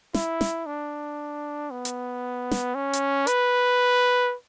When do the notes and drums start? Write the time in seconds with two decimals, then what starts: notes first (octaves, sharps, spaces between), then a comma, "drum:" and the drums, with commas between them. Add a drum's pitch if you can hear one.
0.14 E4, drum: snare
0.41 drum: snare
0.66 D4
1.71 B3
1.85 drum: hi-hat
2.51 drum: snare
2.75 C#4
2.93 drum: hi-hat
3.27 B4, drum: hi-hat